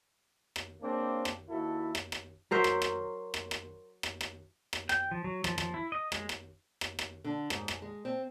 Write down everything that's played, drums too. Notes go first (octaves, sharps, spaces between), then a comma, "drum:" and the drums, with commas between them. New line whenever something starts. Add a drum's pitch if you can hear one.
drum: rim click
C#3 A#3 C4 D4
drum: rim click
D#2 E4 F#4 A4
drum: rim click
drum: rim click
F#3 A#4 C5 E5
drum: rim click
drum: rim click
drum: rim click
drum: rim click
drum: rim click
drum: rim click
drum: rim click
G5, drum: rim click
F3
F#3
F3, drum: rim click
F3, drum: rim click
E4
D#5
G#3, drum: rim click
drum: rim click
drum: rim click
drum: rim click
D3
G#2, drum: rim click
drum: rim click
G#3
C4